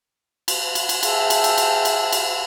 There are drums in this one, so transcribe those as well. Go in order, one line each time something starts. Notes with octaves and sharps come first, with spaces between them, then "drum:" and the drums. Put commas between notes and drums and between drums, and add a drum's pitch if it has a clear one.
drum: cymbal
drum: cymbal
drum: cymbal
G#4 E5 F5 G5 A5, drum: cymbal
drum: cymbal
drum: cymbal
drum: cymbal
drum: cymbal
drum: cymbal